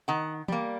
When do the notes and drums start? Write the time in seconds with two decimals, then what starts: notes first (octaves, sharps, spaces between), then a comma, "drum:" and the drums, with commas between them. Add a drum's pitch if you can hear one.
0.08 D#3 F#5
0.48 G3 A#3, drum: tom E3